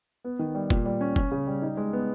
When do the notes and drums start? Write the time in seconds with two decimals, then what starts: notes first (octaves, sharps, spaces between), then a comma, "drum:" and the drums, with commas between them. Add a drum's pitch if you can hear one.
0.24 B3
0.39 D#3
0.55 G3
0.70 A#2, drum: kick
0.86 G3
1.01 C#4
1.16 C#4, drum: kick
1.31 C#3
1.47 G3
1.62 D#4
1.77 G#3
1.93 B3